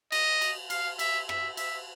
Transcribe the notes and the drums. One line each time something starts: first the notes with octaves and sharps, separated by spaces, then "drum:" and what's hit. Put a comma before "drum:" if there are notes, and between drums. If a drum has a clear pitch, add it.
D#5, drum: cymbal
drum: cymbal
F5, drum: cymbal
E5, drum: cymbal
E5, drum: rim click
E5, drum: cymbal